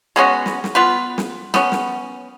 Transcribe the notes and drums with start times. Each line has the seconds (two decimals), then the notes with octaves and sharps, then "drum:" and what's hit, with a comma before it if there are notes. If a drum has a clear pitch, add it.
0.16 G#3 B3 C#4 F#4
0.46 drum: snare
0.64 drum: snare
0.75 B3 F4 B4
1.18 drum: snare
1.54 B3 C#4, drum: snare
1.72 drum: snare